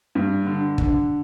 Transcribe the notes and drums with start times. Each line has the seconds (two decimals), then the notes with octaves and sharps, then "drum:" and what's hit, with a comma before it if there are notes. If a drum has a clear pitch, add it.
0.15 G2
0.46 D3
0.78 D3, drum: kick